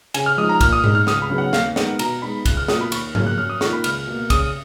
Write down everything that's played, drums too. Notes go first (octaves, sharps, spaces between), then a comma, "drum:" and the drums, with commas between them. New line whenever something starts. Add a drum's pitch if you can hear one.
C#3 G#5, drum: cymbal
F6
F3 G#3 D#4 D#6
A#5
A#2 F6, drum: kick, cymbal
D#6
G#3 D#4, drum: tom G#2
F6
C#2 D#6, drum: snare
B5
C#3 F#3 B3 D#4
F#5
D#2 F5, drum: snare
D#3 G#3 B3 D#4 F#5, drum: snare
B2 A#5, drum: cymbal
G#3 B3 D#4 B5
C#2 F#6, drum: kick, cymbal
F6
B2 A#3 F4 D#6, drum: snare
B5
D#2 C#6, drum: cymbal
C#3 F#3 A#3 F6, drum: tom G#2
F#6
F#2 F6
D#6
D#3 A#3 F4 C#6, drum: snare
B5
C#2 F6, drum: cymbal
B2 A#3
C#3 D#6, drum: kick, cymbal